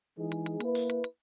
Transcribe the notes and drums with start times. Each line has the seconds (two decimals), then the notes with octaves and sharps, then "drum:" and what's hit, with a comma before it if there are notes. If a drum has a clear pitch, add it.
0.17 E3 G#3 D#4 G#4
0.32 drum: hi-hat
0.46 drum: hi-hat
0.61 A#3 E4 B4, drum: hi-hat
0.75 drum: open hi-hat
0.90 drum: hi-hat
1.04 drum: hi-hat